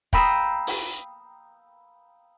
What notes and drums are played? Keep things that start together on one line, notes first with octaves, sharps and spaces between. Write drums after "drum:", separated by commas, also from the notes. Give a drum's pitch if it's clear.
F5 G5 A#5 B5 D#6 E6, drum: kick
drum: open hi-hat